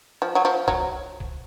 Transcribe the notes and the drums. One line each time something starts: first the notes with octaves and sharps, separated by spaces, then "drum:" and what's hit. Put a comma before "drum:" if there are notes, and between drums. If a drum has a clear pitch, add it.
F3
F#3
F3
F#3, drum: kick
drum: kick